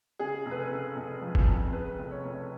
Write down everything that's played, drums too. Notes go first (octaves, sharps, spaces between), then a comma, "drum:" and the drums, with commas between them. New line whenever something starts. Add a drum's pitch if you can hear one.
C#3 G#4
F1
B4
A4
C#3
F1
F3
drum: kick
F2
C#3 B4
F1
C#5
F1